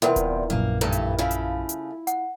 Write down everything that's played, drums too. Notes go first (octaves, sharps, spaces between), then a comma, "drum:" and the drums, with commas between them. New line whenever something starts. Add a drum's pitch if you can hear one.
E2 G2 C3 F4 A#4 B4 E5
drum: kick D#1, hi-hat
A#1 F#2 A#3
G2 E3 A3 D#4
drum: hi-hat
C#3 A3 E4 F4 F5
drum: hi-hat
drum: hi-hat
F#5, drum: hi-hat